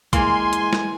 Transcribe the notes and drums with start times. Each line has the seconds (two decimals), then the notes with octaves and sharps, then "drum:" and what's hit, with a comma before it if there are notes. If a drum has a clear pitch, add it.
0.13 E3 G#3 A#3 G#5 C6, drum: kick A#1, hi-hat
0.53 drum: hi-hat
0.73 drum: snare